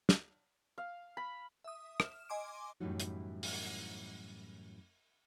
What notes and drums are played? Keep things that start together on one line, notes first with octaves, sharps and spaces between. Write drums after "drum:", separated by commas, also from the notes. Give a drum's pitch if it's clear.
drum: snare
F5
B5
E5 D#6
F6 E7, drum: rim click
D#5 G#5 C6 D6 D7
F#2 A2 E3 G3 D#4 F#4
drum: hi-hat
drum: open hi-hat